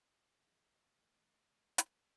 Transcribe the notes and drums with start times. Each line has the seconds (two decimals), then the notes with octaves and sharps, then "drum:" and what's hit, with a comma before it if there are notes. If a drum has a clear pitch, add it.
0.38 D2 E3 G#4 D#5
0.87 A3
1.78 F4, drum: hi-hat